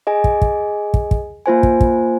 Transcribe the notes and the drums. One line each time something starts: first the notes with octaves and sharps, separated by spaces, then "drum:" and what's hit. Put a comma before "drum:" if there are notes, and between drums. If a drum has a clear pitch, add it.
G#4 D#5 G#5
drum: kick
drum: kick
drum: kick
drum: kick
A#3 F4 C5 G#5
drum: kick
drum: kick